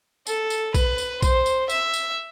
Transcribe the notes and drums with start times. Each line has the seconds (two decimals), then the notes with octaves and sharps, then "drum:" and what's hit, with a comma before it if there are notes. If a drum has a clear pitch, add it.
0.27 A4, drum: tambourine
0.50 drum: tambourine
0.74 B4, drum: kick B1, tambourine
0.98 drum: tambourine
1.22 C5, drum: kick B1, tambourine
1.46 drum: tambourine
1.70 E5, drum: tambourine
1.94 drum: tambourine